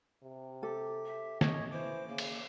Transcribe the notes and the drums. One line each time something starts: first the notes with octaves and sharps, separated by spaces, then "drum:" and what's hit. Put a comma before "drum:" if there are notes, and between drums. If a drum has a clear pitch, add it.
C3
G4 A4
E5
G#4 C#5 D#5, drum: snare
E3 C5 D6
C#3 A#3
drum: cymbal